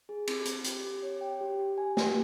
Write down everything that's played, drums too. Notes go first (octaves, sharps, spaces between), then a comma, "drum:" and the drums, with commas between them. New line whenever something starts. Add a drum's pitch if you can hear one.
G#4
C4, drum: cymbal
C4, drum: hi-hat
G4, drum: hi-hat
G4
C#5
G5
G4
G4
G#5
G4, drum: snare A#3